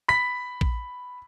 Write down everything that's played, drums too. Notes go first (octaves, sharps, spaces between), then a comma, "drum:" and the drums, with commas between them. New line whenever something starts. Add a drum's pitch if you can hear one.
B5 B6
drum: kick